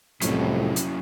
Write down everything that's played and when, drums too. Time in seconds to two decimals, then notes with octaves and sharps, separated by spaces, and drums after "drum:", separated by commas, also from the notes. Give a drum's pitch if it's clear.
0.21 C2 F2 A2 F#3 C#4 E4, drum: hi-hat
0.76 drum: hi-hat